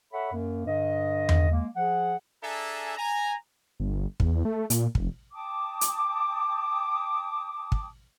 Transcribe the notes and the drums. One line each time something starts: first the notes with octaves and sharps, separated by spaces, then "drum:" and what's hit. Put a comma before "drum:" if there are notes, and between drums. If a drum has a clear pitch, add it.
A4 C#5 E5 F#5 B5
F#2 A#3
G2 D3 D#5
drum: tom E2
G#3 A#3
F3 G#4 F#5
D4 G#4 A4 E5 G#5 A#5
G#5 A#5
G1
E2, drum: kick
A3
A#2, drum: hi-hat
F1, drum: kick
G5 A5 D6 D#6
drum: hi-hat
drum: kick